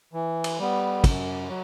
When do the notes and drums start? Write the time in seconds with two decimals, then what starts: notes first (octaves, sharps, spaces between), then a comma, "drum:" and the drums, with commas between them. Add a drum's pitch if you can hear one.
0.13 E3
0.44 drum: cymbal
0.59 G3 B3
1.04 F#2, drum: kick, cymbal
1.49 F#3